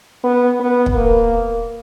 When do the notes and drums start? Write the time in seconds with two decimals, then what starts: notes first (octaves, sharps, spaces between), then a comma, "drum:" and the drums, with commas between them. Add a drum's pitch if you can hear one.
0.24 B3
0.60 B3
0.86 drum: kick
0.95 A#3